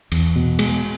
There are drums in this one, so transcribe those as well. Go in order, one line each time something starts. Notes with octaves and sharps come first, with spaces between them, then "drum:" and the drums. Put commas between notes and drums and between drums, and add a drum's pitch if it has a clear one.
E2, drum: cymbal
B2
G#3, drum: cymbal